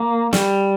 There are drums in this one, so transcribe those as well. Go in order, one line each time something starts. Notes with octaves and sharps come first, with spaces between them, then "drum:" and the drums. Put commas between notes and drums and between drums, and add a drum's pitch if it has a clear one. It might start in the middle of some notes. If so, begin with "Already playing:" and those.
Already playing: A#3
G3, drum: snare